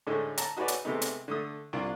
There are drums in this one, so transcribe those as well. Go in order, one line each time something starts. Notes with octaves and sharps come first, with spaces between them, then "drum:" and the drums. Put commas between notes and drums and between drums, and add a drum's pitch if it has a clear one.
A2 D3 G#3 A3 D#4
A5 A#5, drum: hi-hat
D#4 F#4 G#4 B4 C#5 D5
drum: hi-hat
C3 G#3 A3 B3 D#4
drum: hi-hat
D3 A3 D#6
C2 D4 F4